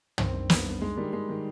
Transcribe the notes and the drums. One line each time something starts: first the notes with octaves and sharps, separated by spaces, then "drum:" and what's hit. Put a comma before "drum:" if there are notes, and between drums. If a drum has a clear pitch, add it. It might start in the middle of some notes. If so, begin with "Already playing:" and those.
D#3 C4, drum: tom
G2
G2 B3, drum: snare
G2
G#2 G#3
D#3 G3
D#3 G#3
D#3